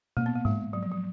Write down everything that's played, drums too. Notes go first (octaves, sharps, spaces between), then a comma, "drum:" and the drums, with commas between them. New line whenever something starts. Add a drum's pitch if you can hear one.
A#3, drum: tom B2
B3
A#3
G#3, drum: tom G#2
F#3
F3
F#3